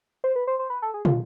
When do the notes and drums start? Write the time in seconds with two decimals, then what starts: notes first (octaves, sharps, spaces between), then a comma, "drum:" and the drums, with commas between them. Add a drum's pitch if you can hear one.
0.24 C5
0.36 B4
0.47 C5
0.59 C5
0.70 B4
0.82 A4
0.94 G#4
1.05 F4, drum: tom